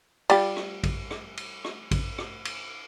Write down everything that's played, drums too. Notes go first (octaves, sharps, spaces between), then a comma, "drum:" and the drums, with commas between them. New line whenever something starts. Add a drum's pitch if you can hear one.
G3 F4 G4, drum: cymbal
drum: rim click
drum: kick A1, cymbal
drum: rim click
drum: cymbal
drum: rim click
drum: kick A1, cymbal
drum: rim click
drum: cymbal